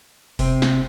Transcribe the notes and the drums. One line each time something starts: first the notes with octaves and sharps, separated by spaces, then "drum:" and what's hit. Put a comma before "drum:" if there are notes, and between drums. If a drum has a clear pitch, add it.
C3 C4, drum: kick F1, open hi-hat
drum: snare